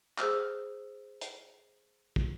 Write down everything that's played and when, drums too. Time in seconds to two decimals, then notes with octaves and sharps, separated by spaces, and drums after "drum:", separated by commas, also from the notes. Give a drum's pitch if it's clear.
0.18 G#4 C5 E6 F6, drum: clap
1.21 drum: hi-hat
2.16 drum: kick